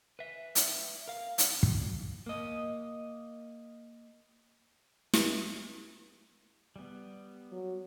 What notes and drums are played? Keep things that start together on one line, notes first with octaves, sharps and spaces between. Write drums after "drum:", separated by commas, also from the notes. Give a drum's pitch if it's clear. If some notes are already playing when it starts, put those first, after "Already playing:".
B4 E5
drum: hi-hat
A#4 F5
drum: hi-hat
drum: kick
A#3 D#5
drum: snare
G3 B3
F#3